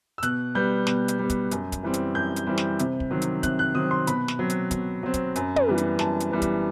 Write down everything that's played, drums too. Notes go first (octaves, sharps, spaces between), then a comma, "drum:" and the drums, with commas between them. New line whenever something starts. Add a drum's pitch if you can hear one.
E6
B2 F#6, drum: hi-hat
G3 B3 G6
B2, drum: snare
drum: hi-hat
G3 B3
drum: kick, hi-hat
F#2, drum: hi-hat
drum: kick, hi-hat
E3 G3 C4
drum: hi-hat
F#2 G6
drum: hi-hat
E3 G3 C4
drum: snare
C3, drum: hi-hat
drum: kick
D#3 F#3 C4
drum: hi-hat
C3 F#6, drum: kick, hi-hat
F#6
D#3 F#3 C4 D#6
C6
B2 B5, drum: hi-hat
drum: snare
F#3 C4
drum: hi-hat
B2, drum: kick, hi-hat
F#3 C4
drum: kick, hi-hat
F#2, drum: hi-hat
drum: tom
E3 G3 B3
drum: hi-hat
F#2 A5, drum: snare
drum: hi-hat
E3 G3 B3
drum: kick, hi-hat